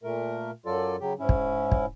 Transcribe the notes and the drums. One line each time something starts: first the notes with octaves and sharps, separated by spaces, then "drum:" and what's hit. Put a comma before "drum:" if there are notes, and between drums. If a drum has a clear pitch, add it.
A#2 A3 A#4
F#2 F#3 F4 A4 D5
C#3 F#3 G4
G#2 C#4 E4
drum: kick
drum: kick